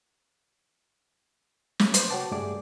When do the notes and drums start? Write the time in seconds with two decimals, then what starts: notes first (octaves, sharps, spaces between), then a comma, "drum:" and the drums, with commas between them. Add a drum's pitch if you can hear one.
1.79 drum: snare
1.94 B4 C5 C6 G6, drum: hi-hat
2.10 F#4 C#5 F#5 G5 A5 D6
2.32 G2 A3 G4 G#4 D5 D6